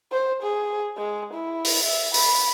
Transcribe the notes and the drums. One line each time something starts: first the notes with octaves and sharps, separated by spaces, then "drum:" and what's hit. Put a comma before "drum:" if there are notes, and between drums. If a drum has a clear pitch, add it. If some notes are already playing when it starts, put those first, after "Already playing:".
C5
G#4
G#3
E4
drum: open hi-hat
E5
B5, drum: open hi-hat